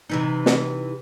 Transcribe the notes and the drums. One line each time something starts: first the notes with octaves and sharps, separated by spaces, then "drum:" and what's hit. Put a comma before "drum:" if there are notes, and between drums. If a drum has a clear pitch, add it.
C3 E3 D#4
drum: snare